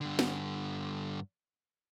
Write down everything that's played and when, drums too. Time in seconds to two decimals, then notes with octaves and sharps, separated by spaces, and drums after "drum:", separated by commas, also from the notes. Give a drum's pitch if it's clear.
0.01 G2 D3
0.19 drum: snare